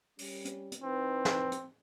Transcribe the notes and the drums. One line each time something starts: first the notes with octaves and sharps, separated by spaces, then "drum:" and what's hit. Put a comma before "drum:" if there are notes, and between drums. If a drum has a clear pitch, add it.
G3 C#4, drum: open hi-hat
drum: hi-hat
drum: hi-hat
E3 C4 D#4 B4
drum: snare
drum: hi-hat